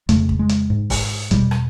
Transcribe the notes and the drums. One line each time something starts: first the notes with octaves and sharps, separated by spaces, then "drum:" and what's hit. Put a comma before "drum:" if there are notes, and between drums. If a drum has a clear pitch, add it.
F2 C#3 A3, drum: hi-hat
drum: kick
G#3
drum: hi-hat
G#2
drum: kick, open hi-hat
E2 B2 G3, drum: kick, hi-hat
drum: rim click